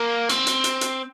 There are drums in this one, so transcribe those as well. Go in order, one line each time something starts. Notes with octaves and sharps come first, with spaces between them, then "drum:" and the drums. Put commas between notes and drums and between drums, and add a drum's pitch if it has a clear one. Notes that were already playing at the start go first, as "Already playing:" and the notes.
Already playing: A#3
C4, drum: hi-hat
drum: hi-hat
drum: hi-hat
drum: hi-hat